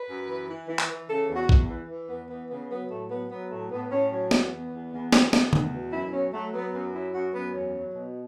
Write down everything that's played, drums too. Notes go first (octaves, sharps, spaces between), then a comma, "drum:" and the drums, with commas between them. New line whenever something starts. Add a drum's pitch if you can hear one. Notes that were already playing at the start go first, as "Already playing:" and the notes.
Already playing: B4
F#2
E3
E3
E3
drum: clap
E3
C#3 A4
E2
F#4
E2, drum: kick A#1
E3
E3
E2 B3
E3 B3
C#3 B3
F#3 B3
A2 A3
F#3 B3
F#3 B3
A2 A3
A2 B3
A2 C#4
F#3 C#4
E2 B3, drum: snare
E2
E2
E2
E2, drum: snare
E2, drum: snare
E2, drum: tom C#3
B2
F#2 E4
F#3 C#4
F#3 A3
F#3 B3
F#2 B3
F#3 E4
F#2 F#4
F#2 B3
E2 C#4
F#3
B2